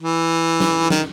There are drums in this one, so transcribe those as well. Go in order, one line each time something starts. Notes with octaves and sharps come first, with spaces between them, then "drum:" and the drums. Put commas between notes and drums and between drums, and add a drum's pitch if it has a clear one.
E3
drum: snare
D#3, drum: snare